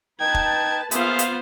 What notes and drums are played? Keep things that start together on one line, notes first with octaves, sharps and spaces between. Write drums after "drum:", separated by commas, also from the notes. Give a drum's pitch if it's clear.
D#4 B4 G5 A5 G#6
drum: kick
A#3 B3 F4 G#4 C5 E5 F5, drum: hi-hat
drum: hi-hat